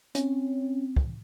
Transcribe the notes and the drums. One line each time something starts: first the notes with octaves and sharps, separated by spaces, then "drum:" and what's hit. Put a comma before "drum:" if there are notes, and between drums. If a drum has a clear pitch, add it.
C4 C#4, drum: hi-hat
drum: kick